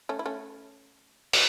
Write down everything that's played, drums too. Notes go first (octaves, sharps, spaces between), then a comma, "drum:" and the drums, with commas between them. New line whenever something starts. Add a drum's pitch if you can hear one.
A3 C#4
E4
A3 C#4
F#3, drum: open hi-hat